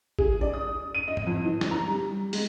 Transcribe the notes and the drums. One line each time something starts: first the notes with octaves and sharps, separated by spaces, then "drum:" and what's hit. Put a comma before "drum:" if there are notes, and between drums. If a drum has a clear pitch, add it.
G#4, drum: kick G#1
D5
D#6
D#7
D#5
drum: tom G#2
F2
E3
drum: snare
A#5
G3
G#3, drum: open hi-hat